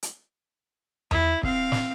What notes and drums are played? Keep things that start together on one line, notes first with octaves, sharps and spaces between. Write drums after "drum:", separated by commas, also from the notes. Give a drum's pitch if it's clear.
drum: hi-hat
E4, drum: tom E2
C4 F5, drum: kick
drum: snare